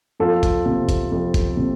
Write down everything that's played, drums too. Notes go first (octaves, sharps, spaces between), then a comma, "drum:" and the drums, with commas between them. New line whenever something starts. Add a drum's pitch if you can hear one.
F2 F4 A4
drum: kick, hi-hat
C3
drum: kick, hi-hat
F2
drum: kick, hi-hat
C3